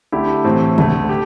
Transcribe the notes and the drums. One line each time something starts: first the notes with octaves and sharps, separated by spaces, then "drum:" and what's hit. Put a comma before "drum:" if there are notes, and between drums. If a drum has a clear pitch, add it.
D3 A3 E4 G4
A2 E3 C4
D2 D3 A3, drum: tom C3
G4